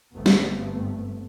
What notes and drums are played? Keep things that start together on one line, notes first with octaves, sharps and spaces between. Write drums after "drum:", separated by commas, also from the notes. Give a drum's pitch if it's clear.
G1 G2 A3 B3 C4
drum: snare